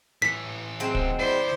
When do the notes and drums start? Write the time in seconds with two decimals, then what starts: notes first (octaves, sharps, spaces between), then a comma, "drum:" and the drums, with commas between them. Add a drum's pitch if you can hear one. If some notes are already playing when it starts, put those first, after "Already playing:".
0.22 A2 E3 B6
0.80 F#3 G#3 C4
0.95 drum: kick
1.19 D2 E4 C5 D5